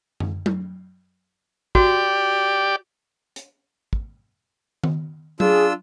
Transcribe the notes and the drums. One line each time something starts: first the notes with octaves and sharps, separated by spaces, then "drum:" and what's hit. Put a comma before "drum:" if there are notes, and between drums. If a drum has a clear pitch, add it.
drum: tom F#2
drum: tom F#3
F#4 G4 D5, drum: kick
drum: hi-hat
drum: kick
drum: tom D#3
D4 F4 G#4 E6, drum: tom F#3